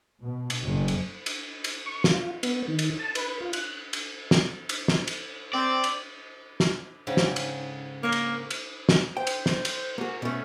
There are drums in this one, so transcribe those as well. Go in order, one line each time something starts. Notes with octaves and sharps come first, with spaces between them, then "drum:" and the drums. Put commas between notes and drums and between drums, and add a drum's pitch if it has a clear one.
B2
drum: cymbal
F#1
drum: cymbal
drum: cymbal
drum: cymbal
C#6
F4, drum: snare
B3, drum: cymbal
D#3
drum: cymbal
A5
B4, drum: cymbal
F4
F#6, drum: cymbal
drum: cymbal
drum: snare
drum: cymbal
drum: snare
drum: cymbal
C4 D5
drum: cymbal
drum: snare
G#2 C#3 G5
drum: snare
drum: cymbal
A#3 A#4 C#5
drum: cymbal
drum: cymbal
drum: snare
C5 G5
drum: cymbal
drum: snare
drum: cymbal
A#3 F#4 G#4
B2 A3 C#4